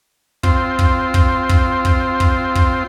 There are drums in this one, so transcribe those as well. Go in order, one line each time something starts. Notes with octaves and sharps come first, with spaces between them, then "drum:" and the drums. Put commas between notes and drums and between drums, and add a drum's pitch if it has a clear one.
C4 F4 C6, drum: kick
drum: kick
drum: kick
drum: kick
drum: kick
drum: kick
drum: kick